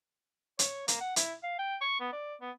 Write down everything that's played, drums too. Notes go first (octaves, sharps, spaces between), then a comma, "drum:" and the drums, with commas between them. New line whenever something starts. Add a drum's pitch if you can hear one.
C#5, drum: hi-hat
A#3, drum: hi-hat
F#5
E4, drum: hi-hat
F5
G5
C#6
B3
D5
B3